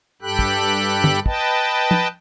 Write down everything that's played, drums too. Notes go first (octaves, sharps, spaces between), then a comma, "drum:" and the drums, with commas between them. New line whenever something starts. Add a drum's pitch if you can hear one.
G2 G4 A4 G5 B5 F#6
drum: kick
drum: tom
B4 D#5 G5 A5, drum: kick
drum: tom